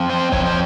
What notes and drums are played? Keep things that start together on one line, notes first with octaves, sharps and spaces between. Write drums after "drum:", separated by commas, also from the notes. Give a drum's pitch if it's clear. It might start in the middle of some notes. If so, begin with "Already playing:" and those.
Already playing: F3 C4
C5
F3 C4 C#5, drum: kick
C5